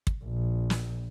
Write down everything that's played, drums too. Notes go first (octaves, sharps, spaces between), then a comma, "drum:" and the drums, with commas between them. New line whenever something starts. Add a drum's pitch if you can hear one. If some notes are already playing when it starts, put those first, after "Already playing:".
drum: kick
A#1
drum: snare